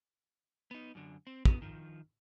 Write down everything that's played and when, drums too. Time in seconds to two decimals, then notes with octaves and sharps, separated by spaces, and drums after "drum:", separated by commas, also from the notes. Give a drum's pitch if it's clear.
0.71 B3 D#4
0.95 F#2 D3
1.27 C4
1.45 B3, drum: kick
1.62 D#3 F3